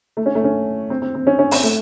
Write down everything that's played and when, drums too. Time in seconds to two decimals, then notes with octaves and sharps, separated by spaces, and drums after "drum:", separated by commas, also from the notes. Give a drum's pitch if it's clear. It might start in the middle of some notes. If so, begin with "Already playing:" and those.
0.17 A3
0.26 C#4
0.35 A3
0.44 C#4
0.90 C4
1.02 C4
1.15 C4
1.27 C#4
1.39 C#4
1.51 C4, drum: open hi-hat
1.63 A3